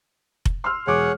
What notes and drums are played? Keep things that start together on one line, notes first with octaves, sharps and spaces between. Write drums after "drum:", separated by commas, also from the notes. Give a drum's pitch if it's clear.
drum: kick F1
C6 E6 F6
E1 G#4 C#5 F#5 D6